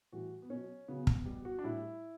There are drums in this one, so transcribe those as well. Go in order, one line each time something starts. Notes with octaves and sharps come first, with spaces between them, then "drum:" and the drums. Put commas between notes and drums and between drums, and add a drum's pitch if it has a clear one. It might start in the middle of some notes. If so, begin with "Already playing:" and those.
A2 E3 G3 F#4
B3
B2 F#3 C#4
C#3 F#3 B3
B3, drum: kick
B2 G3 B3
F#4
D4
A2 G3 E4